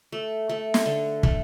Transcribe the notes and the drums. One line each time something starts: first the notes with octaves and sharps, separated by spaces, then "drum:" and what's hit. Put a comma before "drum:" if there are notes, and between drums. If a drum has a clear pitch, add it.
A3
A3
drum: snare
D3
A3, drum: kick